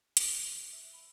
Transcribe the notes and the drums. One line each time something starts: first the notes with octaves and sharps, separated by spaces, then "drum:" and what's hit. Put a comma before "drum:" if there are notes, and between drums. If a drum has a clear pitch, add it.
F3, drum: hi-hat
F#6
E5
B5